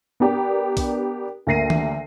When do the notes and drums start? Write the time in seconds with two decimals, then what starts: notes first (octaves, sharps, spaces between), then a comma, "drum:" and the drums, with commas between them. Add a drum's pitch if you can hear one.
0.20 B3 D4 G4 A#4
0.77 drum: kick, open hi-hat
1.47 D2 A#3 A#6 C7 D#7
1.70 drum: tom D#3